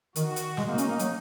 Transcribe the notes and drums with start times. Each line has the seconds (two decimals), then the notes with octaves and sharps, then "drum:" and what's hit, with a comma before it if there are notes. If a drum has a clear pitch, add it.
0.16 D#3 F#4, drum: hi-hat
0.36 drum: hi-hat
0.57 G#3 D#4, drum: snare
0.68 A#3
0.78 C#4, drum: hi-hat
0.88 A#3
0.99 F#3, drum: hi-hat